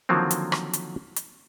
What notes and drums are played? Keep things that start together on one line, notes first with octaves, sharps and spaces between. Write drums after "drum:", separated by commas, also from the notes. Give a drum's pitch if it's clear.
D3 D#3 F3 F#3 A#3 C4
drum: hi-hat
drum: rim click
drum: hi-hat
drum: hi-hat